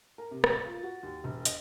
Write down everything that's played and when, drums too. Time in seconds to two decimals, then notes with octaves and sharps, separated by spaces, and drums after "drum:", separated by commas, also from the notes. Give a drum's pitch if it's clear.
0.18 A#4
0.31 C3
0.44 drum: rim click
0.53 A6
0.66 F4
0.83 F#4
1.03 D#2
1.24 E1
1.45 D#5, drum: hi-hat